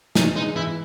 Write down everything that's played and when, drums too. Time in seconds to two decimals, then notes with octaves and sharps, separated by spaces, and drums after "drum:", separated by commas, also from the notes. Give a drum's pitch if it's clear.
0.15 E3 D#4, drum: snare
0.35 G#3 D#4
0.56 E3 E4